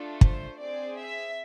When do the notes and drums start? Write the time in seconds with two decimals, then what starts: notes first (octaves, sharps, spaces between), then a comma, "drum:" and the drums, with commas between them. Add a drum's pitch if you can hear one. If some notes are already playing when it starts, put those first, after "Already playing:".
Already playing: A3 D4 F4 A4
0.21 C5, drum: kick
0.59 C4 G#4 D5
0.98 E5